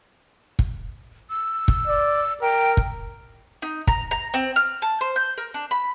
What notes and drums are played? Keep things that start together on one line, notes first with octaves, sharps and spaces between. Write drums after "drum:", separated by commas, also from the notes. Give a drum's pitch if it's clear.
drum: kick
E6
drum: kick
D5
A#4 G5
drum: kick
D#4
A#5, drum: kick
A#5
C4
F6
A5
C5
G6
A#4
D4
B5